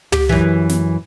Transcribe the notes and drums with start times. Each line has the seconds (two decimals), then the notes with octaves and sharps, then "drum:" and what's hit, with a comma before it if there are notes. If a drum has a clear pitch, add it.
0.12 G4, drum: tom
0.29 F#2 E3
0.69 drum: snare